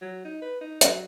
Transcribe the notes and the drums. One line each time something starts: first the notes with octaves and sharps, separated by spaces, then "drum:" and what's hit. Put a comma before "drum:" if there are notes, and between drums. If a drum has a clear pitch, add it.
F#3
D#4
B4
D#4
F#3, drum: hi-hat